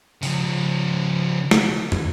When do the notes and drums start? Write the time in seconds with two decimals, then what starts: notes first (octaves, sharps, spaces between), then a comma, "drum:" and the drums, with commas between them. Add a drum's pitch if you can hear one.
0.23 C#3 F3, drum: open hi-hat
1.51 drum: snare
1.92 drum: tom